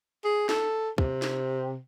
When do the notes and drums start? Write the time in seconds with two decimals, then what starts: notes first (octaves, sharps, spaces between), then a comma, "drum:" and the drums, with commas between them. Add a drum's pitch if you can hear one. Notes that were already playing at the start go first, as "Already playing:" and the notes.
0.25 G#4
0.49 A4, drum: snare
0.98 C3, drum: kick
1.22 drum: snare